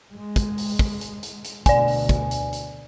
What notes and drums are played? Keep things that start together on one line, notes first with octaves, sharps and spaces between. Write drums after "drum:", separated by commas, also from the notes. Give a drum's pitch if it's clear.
G#3
drum: kick, hi-hat
drum: open hi-hat
drum: kick
drum: hi-hat
drum: hi-hat
drum: hi-hat
D2 B2 D5 G#5, drum: kick, hi-hat
drum: open hi-hat
drum: kick, hi-hat
drum: hi-hat
drum: hi-hat